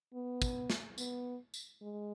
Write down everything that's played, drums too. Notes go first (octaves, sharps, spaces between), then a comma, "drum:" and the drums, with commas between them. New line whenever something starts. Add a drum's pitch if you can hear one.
B3
drum: kick, tambourine
drum: snare
B3, drum: tambourine
drum: tambourine
G#3